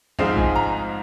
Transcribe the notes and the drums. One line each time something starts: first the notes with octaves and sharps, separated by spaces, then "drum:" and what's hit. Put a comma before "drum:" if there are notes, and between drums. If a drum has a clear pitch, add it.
G#2 F3 G#3 C4 D#4 F5, drum: tom E2
G#5, drum: kick A1
A#5